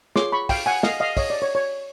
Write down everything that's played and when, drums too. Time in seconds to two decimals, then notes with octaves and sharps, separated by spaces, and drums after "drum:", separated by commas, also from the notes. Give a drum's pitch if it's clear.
0.16 F4 G#4 C#5 C6 D6, drum: snare
0.32 B5 C#6
0.49 F5 G5, drum: kick, open hi-hat
0.66 F#5 G#5
0.83 D#5 F5, drum: snare
1.00 D#5 F5
1.17 C#5 D#5, drum: kick, open hi-hat
1.30 D5
1.42 C#5
1.55 C#5